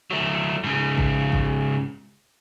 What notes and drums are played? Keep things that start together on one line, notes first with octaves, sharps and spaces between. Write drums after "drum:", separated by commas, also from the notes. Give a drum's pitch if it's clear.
F#3 A3
G#2 C#3
drum: kick A1
drum: kick A1